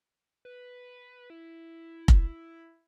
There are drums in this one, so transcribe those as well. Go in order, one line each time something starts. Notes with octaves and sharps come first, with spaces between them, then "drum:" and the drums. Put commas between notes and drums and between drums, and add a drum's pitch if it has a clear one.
B4
E4
drum: kick F1